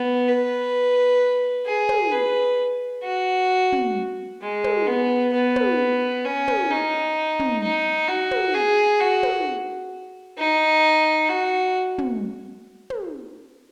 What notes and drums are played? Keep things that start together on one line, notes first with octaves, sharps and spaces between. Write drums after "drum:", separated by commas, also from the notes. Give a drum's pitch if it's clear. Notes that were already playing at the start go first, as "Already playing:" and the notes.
Already playing: B3
B4
G#4
drum: tom
B4
F#4
drum: tom
G#3
drum: tom
B3
B3
drum: tom
C#4
drum: tom
D#4
drum: tom
D#4
F#4
drum: tom
G#4
F#4
drum: tom
D#4
F#4
drum: tom
drum: tom